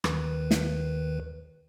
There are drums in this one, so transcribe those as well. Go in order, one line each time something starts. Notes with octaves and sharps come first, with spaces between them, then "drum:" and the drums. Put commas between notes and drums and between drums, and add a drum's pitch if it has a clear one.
D#2 D#3 B4, drum: rim click
drum: snare